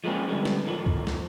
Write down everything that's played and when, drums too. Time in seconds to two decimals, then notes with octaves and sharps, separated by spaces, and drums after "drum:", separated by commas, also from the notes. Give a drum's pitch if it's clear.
0.04 F3 G#3 A#3 C4 C#4
0.28 C#2 D3 G3 A3 B3
0.45 drum: snare
0.66 A2 D#3 F3
0.86 drum: kick C#2
1.07 drum: snare